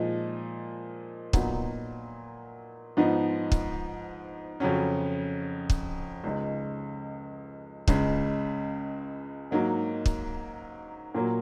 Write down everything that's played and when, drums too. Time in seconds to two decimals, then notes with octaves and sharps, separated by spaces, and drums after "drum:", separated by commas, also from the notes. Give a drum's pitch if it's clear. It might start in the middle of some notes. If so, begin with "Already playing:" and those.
Already playing: A#2 F3 G#3 D#4
1.33 A#2 F#3 B3 D#4, drum: kick
2.97 G#2 F3 B3 D#4
3.52 drum: kick
4.60 F2 C#3 F#3 C#4
5.70 drum: kick
6.24 C#2 C#3 G#3 D#4
7.88 C#2 C#3 G#3, drum: kick
9.51 G#2 F#3 A#3 D#4
10.06 drum: kick
11.15 A#2 F#3 A#3